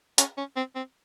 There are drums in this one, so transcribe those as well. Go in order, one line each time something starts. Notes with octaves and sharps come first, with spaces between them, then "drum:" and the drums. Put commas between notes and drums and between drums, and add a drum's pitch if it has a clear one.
C#4, drum: hi-hat
C#4
C4
C4